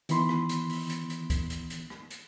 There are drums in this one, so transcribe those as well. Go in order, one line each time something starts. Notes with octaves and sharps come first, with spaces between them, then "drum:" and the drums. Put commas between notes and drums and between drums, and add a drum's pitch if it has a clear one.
D#3 E3 B3 B5 C6, drum: hi-hat
drum: rim click
drum: hi-hat
drum: open hi-hat
drum: hi-hat
drum: hi-hat
drum: kick C#2, hi-hat
drum: hi-hat
drum: hi-hat
drum: rim click
drum: hi-hat